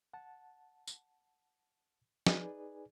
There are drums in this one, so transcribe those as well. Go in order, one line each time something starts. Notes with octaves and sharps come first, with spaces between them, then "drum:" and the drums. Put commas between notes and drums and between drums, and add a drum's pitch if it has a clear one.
F#5 A5
drum: tambourine
D#4 G#4 B4 D5 G#5, drum: snare